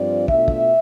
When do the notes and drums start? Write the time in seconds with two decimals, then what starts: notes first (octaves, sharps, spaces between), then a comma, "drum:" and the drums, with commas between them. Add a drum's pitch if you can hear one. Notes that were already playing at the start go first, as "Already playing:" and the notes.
Already playing: G2 F3 C4 F4 D5
0.28 B2 A3 D4 F4 E5, drum: kick
0.48 drum: kick